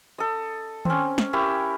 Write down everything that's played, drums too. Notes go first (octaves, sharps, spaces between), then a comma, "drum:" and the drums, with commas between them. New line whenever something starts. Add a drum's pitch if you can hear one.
A4 D#5
C4 C#4, drum: tom D#3
drum: snare
E4 G4 A#4 C#6